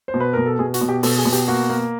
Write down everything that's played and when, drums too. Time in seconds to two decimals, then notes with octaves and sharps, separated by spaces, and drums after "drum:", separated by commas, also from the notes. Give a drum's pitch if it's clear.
0.08 C5
0.14 B2
0.20 B4
0.33 B2 A#4
0.46 A4
0.59 B2 G#4
0.74 F#4, drum: hi-hat
0.81 B2
0.89 G4
1.03 B2 A4, drum: open hi-hat
1.18 G#4
1.25 B2
1.33 G4, drum: hi-hat
1.48 A#3 F#4
1.69 A#3